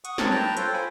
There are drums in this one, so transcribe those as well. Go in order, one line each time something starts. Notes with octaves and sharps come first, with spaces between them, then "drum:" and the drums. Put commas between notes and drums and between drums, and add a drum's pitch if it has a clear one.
F#5 C#6 D#6, drum: hi-hat
C4 D4 A#4 C#5 D5, drum: snare
B4 G5 A5 A#5
F4 A4 C5 C#5 G5, drum: hi-hat
C5 G5 G#5 B5